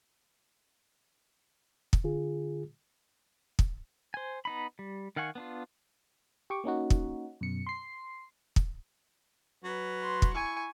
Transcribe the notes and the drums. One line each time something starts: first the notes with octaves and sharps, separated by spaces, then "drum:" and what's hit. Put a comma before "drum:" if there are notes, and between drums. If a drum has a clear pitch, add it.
drum: kick
D3 F4 G#4
drum: kick
C5 G#5
B3 D#4 B5
G3
D#3 F5 F#5 G#5 C#6
B3 D4 F4
G4 C#6 D6
A#3 C#4 D#4 F#4
drum: kick
F#2 B2 C#7
C6 C7
drum: kick
F#3 B4
C6
drum: kick
E4 G#5 C#6